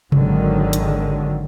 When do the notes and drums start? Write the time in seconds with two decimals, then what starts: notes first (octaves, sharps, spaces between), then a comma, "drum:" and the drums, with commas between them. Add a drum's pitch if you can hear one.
0.12 G#1 G#2 D3 D#3 F#3, drum: tom C3
0.73 drum: hi-hat